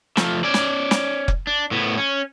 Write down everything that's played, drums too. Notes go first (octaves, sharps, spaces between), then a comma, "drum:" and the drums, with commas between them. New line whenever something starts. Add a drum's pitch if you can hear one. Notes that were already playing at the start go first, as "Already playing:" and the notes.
F3 A3, drum: snare
C#4 D5
drum: snare
drum: snare
drum: kick F1
D4
A2 B3
C#4